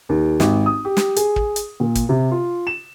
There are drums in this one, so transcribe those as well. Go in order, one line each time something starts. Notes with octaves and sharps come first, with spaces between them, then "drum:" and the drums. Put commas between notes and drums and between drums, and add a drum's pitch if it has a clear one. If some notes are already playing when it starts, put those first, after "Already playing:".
D#2
G#1, drum: snare
D#6
G4
drum: snare
G#4, drum: hi-hat
drum: kick
drum: hi-hat
A#2
drum: kick, hi-hat
C3
F4
E7